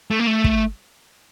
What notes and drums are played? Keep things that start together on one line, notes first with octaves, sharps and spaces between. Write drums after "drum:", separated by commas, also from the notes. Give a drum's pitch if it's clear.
A3
A#3
A3
drum: kick